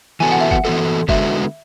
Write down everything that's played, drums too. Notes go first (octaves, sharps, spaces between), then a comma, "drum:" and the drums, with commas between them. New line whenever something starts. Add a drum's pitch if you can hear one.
E3 B3 F#4 A4 G#5
F#5
E5
F#5, drum: kick
E3 B3 F#4 A4
D3 G#3 B3 F#4 E5, drum: kick